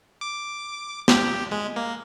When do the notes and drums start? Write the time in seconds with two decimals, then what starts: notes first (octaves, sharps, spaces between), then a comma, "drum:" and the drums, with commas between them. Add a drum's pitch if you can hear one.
0.21 D6
1.08 G4, drum: snare
1.52 G#3
1.76 A#3